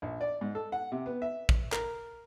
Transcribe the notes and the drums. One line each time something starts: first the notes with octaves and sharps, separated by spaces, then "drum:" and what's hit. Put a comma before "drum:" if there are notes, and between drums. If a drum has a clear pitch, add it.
A#1
D5
G#2
A4
F#5
C3
B3
E5
drum: kick
A#4, drum: clap